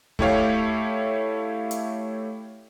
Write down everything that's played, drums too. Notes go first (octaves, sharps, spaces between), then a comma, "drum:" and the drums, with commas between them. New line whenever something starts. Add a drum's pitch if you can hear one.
A3 E4 G4 C#5 F5, drum: kick D2
drum: hi-hat